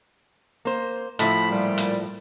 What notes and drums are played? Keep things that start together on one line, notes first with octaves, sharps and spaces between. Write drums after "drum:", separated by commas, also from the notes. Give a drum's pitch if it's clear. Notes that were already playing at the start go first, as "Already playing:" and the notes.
A#3 C5
A2 F3 A3 E4 B5, drum: hi-hat
A#2 G3
drum: hi-hat